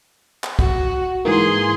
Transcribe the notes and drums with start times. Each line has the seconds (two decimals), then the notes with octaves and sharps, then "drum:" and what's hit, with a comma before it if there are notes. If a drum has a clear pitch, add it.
0.44 drum: clap
0.59 F#4, drum: kick
1.25 G#2 E3 A#3 G#4 C6